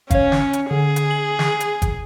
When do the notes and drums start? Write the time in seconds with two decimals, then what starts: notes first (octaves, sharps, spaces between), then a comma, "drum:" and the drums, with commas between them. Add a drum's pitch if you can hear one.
0.10 C#4 C#5 F5, drum: kick, hi-hat
0.32 drum: snare
0.53 drum: hi-hat
0.71 D3 G#4
0.96 drum: hi-hat
1.11 F#7
1.39 drum: snare
1.60 drum: hi-hat
1.82 drum: kick, hi-hat